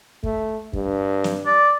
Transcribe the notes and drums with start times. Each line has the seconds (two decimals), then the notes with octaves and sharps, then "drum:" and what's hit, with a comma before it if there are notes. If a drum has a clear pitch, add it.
0.23 A3, drum: kick
0.73 G2, drum: kick
1.24 drum: snare
1.46 D5